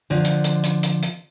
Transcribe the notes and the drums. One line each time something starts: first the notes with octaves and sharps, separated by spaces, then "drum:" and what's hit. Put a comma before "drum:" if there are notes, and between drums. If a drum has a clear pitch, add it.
D3 F3
drum: hi-hat
drum: hi-hat
drum: hi-hat
drum: hi-hat
drum: hi-hat